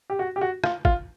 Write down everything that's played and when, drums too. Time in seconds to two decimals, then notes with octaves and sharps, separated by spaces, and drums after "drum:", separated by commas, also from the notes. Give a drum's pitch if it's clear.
0.10 G4
0.19 F#4
0.36 G4
0.41 F#4
0.64 F4, drum: rim click
0.85 F4, drum: kick